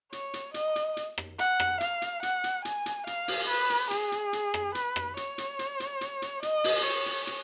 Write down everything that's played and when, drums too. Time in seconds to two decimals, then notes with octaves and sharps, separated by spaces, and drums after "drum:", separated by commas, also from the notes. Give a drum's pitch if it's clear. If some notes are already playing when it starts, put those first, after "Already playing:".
0.13 C#5, drum: hi-hat
0.34 drum: hi-hat
0.54 D#5, drum: hi-hat
0.76 drum: hi-hat
0.97 drum: hi-hat
1.18 drum: rim click
1.39 F#5, drum: hi-hat
1.60 drum: rim click
1.81 F5, drum: hi-hat
2.02 drum: hi-hat
2.23 F#5, drum: hi-hat
2.44 drum: hi-hat
2.65 G#5, drum: hi-hat
2.86 drum: hi-hat
3.07 F5, drum: hi-hat
3.28 drum: open hi-hat
3.49 B4
3.70 drum: hi-hat
3.91 G#4, drum: hi-hat
4.12 drum: hi-hat
4.33 drum: hi-hat
4.54 drum: rim click
4.75 B4, drum: hi-hat
4.96 drum: rim click
5.17 C#5, drum: hi-hat
5.38 drum: hi-hat
5.59 drum: hi-hat
5.80 drum: hi-hat
6.01 drum: hi-hat
6.22 drum: hi-hat
6.43 D#5, drum: hi-hat
6.64 drum: open hi-hat
6.85 C#5
7.06 drum: hi-hat
7.27 drum: hi-hat